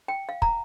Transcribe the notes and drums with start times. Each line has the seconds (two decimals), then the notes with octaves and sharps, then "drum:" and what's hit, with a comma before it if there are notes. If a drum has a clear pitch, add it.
0.08 G5
0.29 F5
0.42 A#5, drum: kick